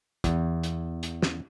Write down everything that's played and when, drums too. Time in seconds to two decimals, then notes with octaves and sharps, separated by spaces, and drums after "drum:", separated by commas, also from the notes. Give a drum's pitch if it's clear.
0.24 E2, drum: kick, hi-hat
0.63 drum: hi-hat
1.03 drum: hi-hat
1.22 drum: snare